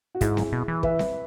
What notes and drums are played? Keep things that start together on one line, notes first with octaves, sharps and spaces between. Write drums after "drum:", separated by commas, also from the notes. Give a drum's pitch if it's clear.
F#4
G#2 E4 G#4, drum: kick, hi-hat
drum: snare C4
B2
E3
B4 E5, drum: kick
drum: snare C4